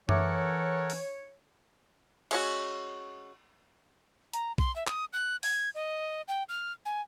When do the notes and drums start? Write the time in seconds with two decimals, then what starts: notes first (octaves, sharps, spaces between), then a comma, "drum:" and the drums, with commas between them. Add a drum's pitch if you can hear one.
0.09 E3 D#4 A4 A#4 C#5 E5 F#5 D6, drum: tom F#2
0.90 drum: open hi-hat
2.31 G#3 C#4 F#4, drum: cymbal
4.33 A#5, drum: hi-hat
4.58 C6, drum: kick B1
4.76 E5
4.87 D#6, drum: clap
5.13 F#6
5.43 G#6, drum: open hi-hat
5.75 D#5
6.28 G5
6.49 F6
6.85 G#5